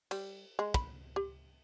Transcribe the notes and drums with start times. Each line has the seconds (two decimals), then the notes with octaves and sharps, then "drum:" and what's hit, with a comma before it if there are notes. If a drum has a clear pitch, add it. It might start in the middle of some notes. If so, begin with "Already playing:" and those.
0.11 G3, drum: cymbal
0.59 G#3
0.74 B5, drum: kick
1.16 G4